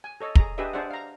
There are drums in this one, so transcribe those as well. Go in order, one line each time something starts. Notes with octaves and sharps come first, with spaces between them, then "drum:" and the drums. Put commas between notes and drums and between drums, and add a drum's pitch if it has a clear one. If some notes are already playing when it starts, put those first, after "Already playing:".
G#5
A4 C#5 D#5
G#4 A#5, drum: kick
D4 G4 G#4 B4 D#5 E5
D4 G#4 C5 D5 E5 F#5
F5 A#5